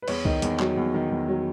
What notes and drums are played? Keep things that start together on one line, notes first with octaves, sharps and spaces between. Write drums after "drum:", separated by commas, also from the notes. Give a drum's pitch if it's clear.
B4
E2 C#5, drum: cymbal
D#3, drum: kick C#2
E2, drum: hi-hat
F#3, drum: clap
E2
D#3
E2
F#3